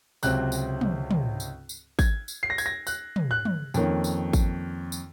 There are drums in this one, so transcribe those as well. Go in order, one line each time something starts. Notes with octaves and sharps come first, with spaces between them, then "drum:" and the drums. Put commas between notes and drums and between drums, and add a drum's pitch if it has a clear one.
C#2 C3 F#3 C4 F#6, drum: tambourine
drum: tambourine
drum: tom
drum: tom
drum: tambourine
drum: tambourine
G#6, drum: kick G#1, tambourine
drum: tambourine
C7
A#6
G#6, drum: tambourine
A#6
F#6, drum: tambourine
drum: tom
F#6
drum: tom
F2 D#3 A#3 C#4, drum: tambourine
drum: tambourine
drum: kick G#1, tambourine
drum: tambourine